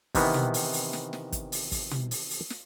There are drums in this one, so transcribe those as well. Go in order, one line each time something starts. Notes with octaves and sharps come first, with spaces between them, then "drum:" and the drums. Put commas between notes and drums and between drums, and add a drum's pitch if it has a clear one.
C3 D#3 E3 B3, drum: kick, open hi-hat
drum: tom
drum: open hi-hat
drum: open hi-hat
drum: snare
drum: snare
drum: kick, hi-hat
drum: open hi-hat
drum: kick, open hi-hat
drum: tom
drum: open hi-hat
drum: open hi-hat
drum: snare